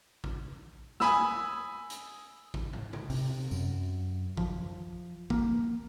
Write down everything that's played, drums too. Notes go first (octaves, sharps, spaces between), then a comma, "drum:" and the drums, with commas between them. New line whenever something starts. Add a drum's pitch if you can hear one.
drum: kick A1
G#5 B5 D#6 E6, drum: snare
drum: hi-hat
drum: kick A1
drum: tom
drum: tom
C3, drum: open hi-hat
F#2, drum: tambourine
F3, drum: kick A1
A#3, drum: kick A1